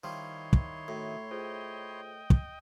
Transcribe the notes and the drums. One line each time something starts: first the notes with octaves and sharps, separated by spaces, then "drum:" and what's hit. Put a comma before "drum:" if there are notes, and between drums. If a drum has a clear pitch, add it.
D#3 F3 G3 E4 C#5 C6
drum: kick
A2 F#4 E5
F4 G#4 C5 D#5 G5
drum: kick